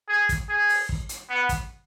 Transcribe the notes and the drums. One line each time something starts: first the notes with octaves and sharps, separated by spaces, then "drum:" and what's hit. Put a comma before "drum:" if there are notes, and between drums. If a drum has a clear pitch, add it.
G#4
drum: kick, hi-hat
G#4
drum: open hi-hat
drum: kick
drum: hi-hat
B3
drum: kick, hi-hat